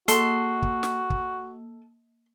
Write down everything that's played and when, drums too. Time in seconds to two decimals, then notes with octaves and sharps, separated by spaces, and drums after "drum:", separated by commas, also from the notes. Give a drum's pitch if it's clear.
0.08 A#3 F#4 A4 C6, drum: hi-hat
0.62 drum: kick
0.83 drum: snare
1.10 drum: kick